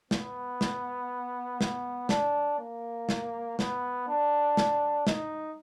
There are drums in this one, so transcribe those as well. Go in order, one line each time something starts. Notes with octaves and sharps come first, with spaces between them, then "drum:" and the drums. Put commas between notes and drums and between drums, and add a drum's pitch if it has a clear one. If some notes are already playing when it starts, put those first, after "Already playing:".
B3, drum: snare
drum: snare
B3, drum: snare
D4, drum: snare
A#3
drum: snare
B3, drum: snare
D4
drum: snare
D#4, drum: snare